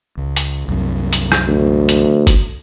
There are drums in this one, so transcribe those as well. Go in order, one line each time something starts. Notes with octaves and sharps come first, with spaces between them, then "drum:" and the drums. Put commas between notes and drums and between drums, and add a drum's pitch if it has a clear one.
C#2
drum: hi-hat
C2 F#2 C3
drum: hi-hat
drum: rim click
D2
drum: hi-hat
drum: kick, hi-hat